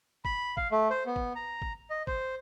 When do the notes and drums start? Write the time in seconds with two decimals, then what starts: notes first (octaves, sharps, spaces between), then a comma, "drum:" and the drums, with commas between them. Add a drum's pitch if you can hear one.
0.25 B5, drum: kick
0.57 F5, drum: kick
0.72 A3
0.90 C5
1.06 B3
1.16 drum: kick
1.36 A#5
1.62 drum: kick
1.90 D#5
2.07 C5, drum: kick